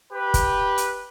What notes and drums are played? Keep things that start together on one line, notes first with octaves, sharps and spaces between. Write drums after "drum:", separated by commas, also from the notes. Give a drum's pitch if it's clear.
G4 B4
drum: kick, hi-hat
drum: hi-hat